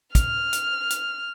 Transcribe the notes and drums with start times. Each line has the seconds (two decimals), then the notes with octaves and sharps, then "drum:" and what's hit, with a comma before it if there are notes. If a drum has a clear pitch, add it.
0.15 F6, drum: kick, hi-hat
0.53 drum: hi-hat
0.90 drum: hi-hat